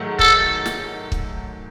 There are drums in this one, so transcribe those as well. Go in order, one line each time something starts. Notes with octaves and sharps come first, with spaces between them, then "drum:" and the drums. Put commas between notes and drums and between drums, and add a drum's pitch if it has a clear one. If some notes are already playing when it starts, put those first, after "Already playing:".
Already playing: G#2 D#3 F#3 A3
A4, drum: kick
drum: snare
drum: kick